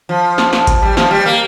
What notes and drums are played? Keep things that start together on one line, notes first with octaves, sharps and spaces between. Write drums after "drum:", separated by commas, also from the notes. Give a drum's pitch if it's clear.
F3
drum: snare
drum: snare
drum: kick G#1, hi-hat
G3
F3, drum: snare
G3
A#3